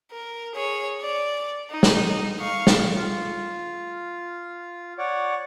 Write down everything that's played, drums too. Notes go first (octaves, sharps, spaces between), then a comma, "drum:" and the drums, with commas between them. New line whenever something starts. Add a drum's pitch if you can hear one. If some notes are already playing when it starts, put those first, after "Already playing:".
A#4
G#4 C#5
D5
D#4
drum: snare
F5 C#6
drum: snare
F4
C#5 D5 F#5